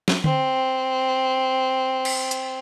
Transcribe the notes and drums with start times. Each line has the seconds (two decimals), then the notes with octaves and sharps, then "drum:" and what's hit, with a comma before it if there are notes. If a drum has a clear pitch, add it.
0.08 drum: snare
0.24 C4, drum: tom D3
2.05 drum: cymbal
2.31 drum: hi-hat